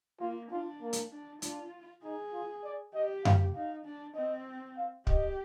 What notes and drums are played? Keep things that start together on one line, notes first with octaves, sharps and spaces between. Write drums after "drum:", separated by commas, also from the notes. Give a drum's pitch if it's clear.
A#3 F4
D4 F4
A#3
drum: hi-hat
D4
D4 F4, drum: hi-hat
D#4 G#4
F4
D5
G4 D#5
F5, drum: tom F#2
D#4 F5
D4
C4 D#5
F5
G4 D#5, drum: kick